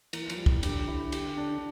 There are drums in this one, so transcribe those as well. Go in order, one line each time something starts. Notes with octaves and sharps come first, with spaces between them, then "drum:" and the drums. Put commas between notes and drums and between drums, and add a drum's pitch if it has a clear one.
E3 A#3, drum: cymbal
F3, drum: cymbal
G3
E3, drum: kick
D3 G4, drum: cymbal
E4
G4, drum: cymbal
D4